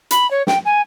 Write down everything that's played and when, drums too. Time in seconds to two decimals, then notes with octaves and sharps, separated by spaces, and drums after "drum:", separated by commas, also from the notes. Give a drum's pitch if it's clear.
0.11 B5, drum: hi-hat
0.30 C#5
0.47 G5, drum: snare
0.65 G#5